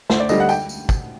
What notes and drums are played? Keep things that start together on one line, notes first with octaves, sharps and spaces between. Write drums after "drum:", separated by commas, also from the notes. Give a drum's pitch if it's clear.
D2 C5, drum: snare
D5
D3 G3 D#5, drum: tambourine
F#5
G5, drum: tambourine
drum: tambourine
drum: kick, tambourine